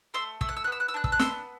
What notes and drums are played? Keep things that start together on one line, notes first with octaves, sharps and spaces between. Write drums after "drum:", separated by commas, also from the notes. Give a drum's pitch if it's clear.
A3 C6 E6
A3 E6, drum: kick
F#6
E6
F#6
B3 E6
F#6
E6
D4 F#6
E6, drum: kick
F#6
B3 C6 E6, drum: snare